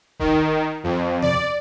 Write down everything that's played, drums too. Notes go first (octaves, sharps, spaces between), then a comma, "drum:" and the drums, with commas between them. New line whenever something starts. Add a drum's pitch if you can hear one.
D#3, drum: kick D#1
F2
D5, drum: tom B2